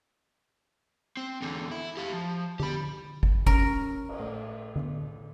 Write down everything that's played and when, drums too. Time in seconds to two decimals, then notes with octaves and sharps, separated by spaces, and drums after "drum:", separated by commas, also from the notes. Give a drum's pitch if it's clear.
1.17 C4
1.42 E2 D3
1.72 E4
1.97 G4 F5
2.12 F3
2.60 G4 B5, drum: tom D3
3.23 drum: kick
3.47 C#4 A#4, drum: kick
4.09 drum: cymbal
4.20 A2
4.76 drum: tom D3